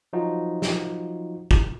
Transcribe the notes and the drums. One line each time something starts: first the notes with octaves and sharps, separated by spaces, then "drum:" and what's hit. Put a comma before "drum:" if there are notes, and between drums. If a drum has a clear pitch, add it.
F3 F#3 D#4 F4 F#4
drum: snare
drum: kick